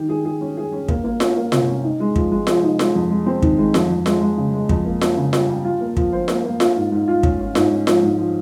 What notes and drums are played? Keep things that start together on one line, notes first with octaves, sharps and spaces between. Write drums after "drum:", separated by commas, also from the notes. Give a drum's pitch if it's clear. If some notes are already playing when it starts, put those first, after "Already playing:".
Already playing: D#3 G4
G#4
G#4
C#4
G#4
C#4
A#3, drum: kick
A#3
C#4, drum: snare F4
A#3
C3, drum: snare F4
C#4
D#4
G#3
F3, drum: kick
G#3
F3, drum: snare F4
D#4
G#3, drum: snare F4
F2
G#3
C4
D#3, drum: kick
G#3
F2, drum: snare F4
F2
G#3, drum: snare F4
G#3
C#3
G#3
F2, drum: kick
A#3
A#3, drum: snare F4
C#3
G3, drum: snare F4
G3
F4
A#3
F3, drum: kick
C5
A#3, drum: snare F4
A#3
F4, drum: snare F4
G#2
G#2
F4
C#4, drum: kick
C#4
G#2, drum: snare F4
C#4
F3, drum: snare F4
G#2
F3